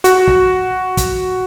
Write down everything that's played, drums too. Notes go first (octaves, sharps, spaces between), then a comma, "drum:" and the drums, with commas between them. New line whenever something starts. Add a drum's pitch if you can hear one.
F#4, drum: hi-hat
drum: kick
drum: kick, hi-hat